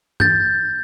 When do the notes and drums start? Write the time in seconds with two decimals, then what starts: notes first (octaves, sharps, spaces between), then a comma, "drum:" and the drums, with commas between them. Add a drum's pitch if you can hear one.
0.20 G6 A6, drum: tom G2